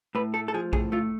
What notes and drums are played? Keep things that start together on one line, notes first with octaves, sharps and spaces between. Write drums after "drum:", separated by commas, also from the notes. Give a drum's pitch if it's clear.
A2 B4
A3 A4
A4
F3 G#4
A2 G#4, drum: kick A#1
A3 F4